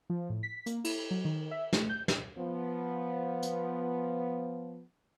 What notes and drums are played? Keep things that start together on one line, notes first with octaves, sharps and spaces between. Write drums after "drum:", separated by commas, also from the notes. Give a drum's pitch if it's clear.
F3
A2
B6
A#3, drum: hi-hat
E4, drum: cymbal
F#3
D#3
E5
A3, drum: snare
G6
drum: snare
F3 B3
drum: hi-hat